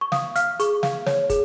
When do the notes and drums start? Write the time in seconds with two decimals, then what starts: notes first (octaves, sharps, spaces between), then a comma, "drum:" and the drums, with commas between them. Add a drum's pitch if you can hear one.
0.01 C#6
0.12 F5 D#6, drum: snare
0.36 F5 F6, drum: hi-hat
0.60 G#4 C#6, drum: hi-hat
0.83 F5, drum: snare
1.06 C#5, drum: snare
1.30 G#4, drum: kick, hi-hat